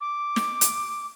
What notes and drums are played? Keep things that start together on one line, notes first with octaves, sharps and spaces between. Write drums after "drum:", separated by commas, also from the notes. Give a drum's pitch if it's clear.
D6
drum: snare
drum: hi-hat